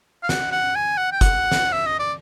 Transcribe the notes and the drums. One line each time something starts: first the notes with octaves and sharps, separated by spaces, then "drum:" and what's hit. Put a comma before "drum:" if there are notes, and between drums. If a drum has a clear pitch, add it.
F5
F#5, drum: snare
F#5
G#5
F#5
G5
F#5, drum: kick F#1, hi-hat
drum: snare
E5
D#5
D5